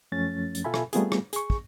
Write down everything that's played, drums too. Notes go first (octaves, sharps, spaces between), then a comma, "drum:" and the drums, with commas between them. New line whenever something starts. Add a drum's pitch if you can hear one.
F#2 F3 A3 C#4 A6
drum: hi-hat
B2 F4 A4 E5 G#5 B5
drum: rim click
G3 A3 B3 C4 F4 G#4, drum: hi-hat
drum: rim click
G#4 C#6, drum: hi-hat
drum: kick